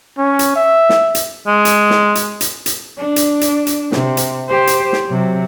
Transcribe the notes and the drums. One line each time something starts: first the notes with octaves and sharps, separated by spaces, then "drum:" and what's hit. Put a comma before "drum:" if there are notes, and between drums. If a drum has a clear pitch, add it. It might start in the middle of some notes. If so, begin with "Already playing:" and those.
C#4
drum: hi-hat
E5
drum: snare
drum: hi-hat
G#3
drum: hi-hat
drum: snare
drum: hi-hat
drum: hi-hat
drum: hi-hat
D4
drum: hi-hat
drum: hi-hat
drum: hi-hat
C3, drum: snare
drum: hi-hat
G4 C5
drum: hi-hat
drum: snare
C3 F#3